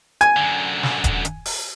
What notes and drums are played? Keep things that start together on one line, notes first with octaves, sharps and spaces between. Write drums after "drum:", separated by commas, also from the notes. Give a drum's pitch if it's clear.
G#5, drum: hi-hat
F#2 D3
drum: snare
drum: kick D#1, hi-hat
drum: hi-hat
drum: open hi-hat